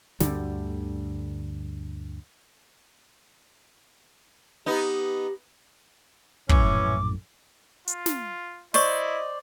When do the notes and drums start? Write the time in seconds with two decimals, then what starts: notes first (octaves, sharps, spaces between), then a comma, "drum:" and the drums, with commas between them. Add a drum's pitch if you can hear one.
0.20 D2 G2 D3 G3, drum: snare
4.66 B3 D#4 G4
6.49 A#1 F#2 A2 E3 C#4 D6, drum: kick
7.88 F4, drum: hi-hat
8.06 drum: snare
8.74 E4 C5 D5 D#5 C#6, drum: open hi-hat